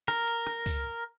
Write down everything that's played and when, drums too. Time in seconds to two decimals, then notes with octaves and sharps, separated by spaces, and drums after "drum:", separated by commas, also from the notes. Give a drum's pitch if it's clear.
0.08 A#4, drum: rim click
0.27 drum: hi-hat
0.47 drum: rim click
0.66 drum: kick C#2, open hi-hat